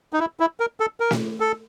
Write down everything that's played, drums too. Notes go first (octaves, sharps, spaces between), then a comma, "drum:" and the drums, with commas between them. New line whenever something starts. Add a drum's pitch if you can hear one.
D#4
E4
E4
A#4
A4
A#4
drum: snare
A4